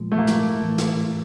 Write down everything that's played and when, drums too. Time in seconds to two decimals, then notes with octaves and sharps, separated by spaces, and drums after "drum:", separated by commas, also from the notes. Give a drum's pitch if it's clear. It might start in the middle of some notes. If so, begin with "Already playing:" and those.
Already playing: A#2 F3 G#3
0.12 A3
0.18 A#3
0.27 drum: snare
0.63 A2 E3 A3
0.78 drum: snare